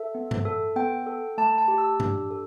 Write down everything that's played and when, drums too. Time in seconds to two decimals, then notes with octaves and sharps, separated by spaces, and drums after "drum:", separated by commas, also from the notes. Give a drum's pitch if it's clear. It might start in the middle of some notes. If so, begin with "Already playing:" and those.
Already playing: A4 E5
0.15 B3
0.31 drum: tom G2
0.45 A4
0.76 B3 G5
1.07 A4
1.38 A3 A5
1.58 A5
1.68 G4
1.78 E6
2.00 D4, drum: tom G2
2.31 A4